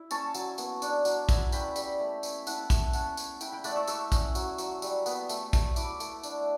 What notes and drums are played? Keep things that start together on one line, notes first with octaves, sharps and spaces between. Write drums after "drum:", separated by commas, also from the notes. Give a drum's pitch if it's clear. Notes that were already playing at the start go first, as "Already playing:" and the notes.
Already playing: E4
C#4 A5 C#6, drum: tambourine
F#3, drum: tambourine
B3, drum: tambourine
D4, drum: tambourine
F#3, drum: tambourine
E4, drum: kick A#1, tambourine
C#4 G5 B5, drum: tambourine
G3, drum: tambourine
A3
C#4, drum: tambourine
E4 F#5 A5, drum: tambourine
A3, drum: kick A#1, tambourine
C#4 F#5 A5, drum: tambourine
C#4, drum: tambourine
E4 G5 B5, drum: tambourine
G5 B5
A3 D5 F#5, drum: tambourine
C#6 E6
A3 C#6 E6, drum: tambourine
C#4, drum: kick A#1, tambourine
F#3, drum: tambourine
F#3, drum: tambourine
G3, drum: tambourine
B3, drum: tambourine
A3, drum: tambourine
A3, drum: kick A#1, tambourine
E4 B5 D6, drum: tambourine
A3, drum: tambourine
D4, drum: tambourine